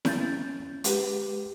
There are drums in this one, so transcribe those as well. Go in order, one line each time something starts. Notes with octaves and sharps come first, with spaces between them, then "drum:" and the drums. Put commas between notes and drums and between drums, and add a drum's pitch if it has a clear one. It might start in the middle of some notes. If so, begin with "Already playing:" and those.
C#4 G6 A6, drum: snare E4
G#3 G4 B4, drum: hi-hat